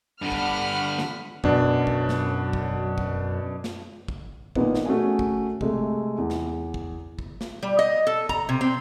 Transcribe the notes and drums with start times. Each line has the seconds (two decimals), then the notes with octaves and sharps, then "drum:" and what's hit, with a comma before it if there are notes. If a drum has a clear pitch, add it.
0.22 G2 D3 F#5 B5 F6
0.32 drum: kick
0.98 drum: snare
1.44 F#2 B2 D4, drum: kick
1.87 drum: kick
2.09 drum: snare
2.53 drum: kick
2.98 drum: kick
3.64 drum: snare
4.08 drum: kick
4.55 A#2 D#3 A#3 B3 D#4, drum: kick
4.75 drum: snare
4.86 A3 C#4 F#4 G#4 G#5
5.19 drum: kick
5.61 C3 G#3 A3, drum: kick
6.18 E2
6.30 drum: snare
6.74 drum: kick
7.19 drum: kick
7.41 drum: snare
7.63 G3
7.79 D#5
8.07 A4
8.29 A#5, drum: kick
8.49 C3
8.61 C4